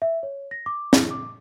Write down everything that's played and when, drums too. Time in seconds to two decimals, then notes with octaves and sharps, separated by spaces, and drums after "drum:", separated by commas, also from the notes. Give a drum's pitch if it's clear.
0.02 E5
0.23 C#5
0.51 A#6
0.66 D6
0.93 E4, drum: snare
1.11 D6